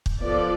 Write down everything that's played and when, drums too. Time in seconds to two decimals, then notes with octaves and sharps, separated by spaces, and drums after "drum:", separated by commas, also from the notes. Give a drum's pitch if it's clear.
0.06 drum: kick
0.21 F3 B3 F4 A4 D5